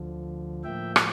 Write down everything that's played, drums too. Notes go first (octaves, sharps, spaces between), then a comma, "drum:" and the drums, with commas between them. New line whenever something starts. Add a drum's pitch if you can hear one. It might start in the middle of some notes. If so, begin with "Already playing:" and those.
Already playing: D2 D3 F3
A2 F3 A#3 E5 G5
drum: rim click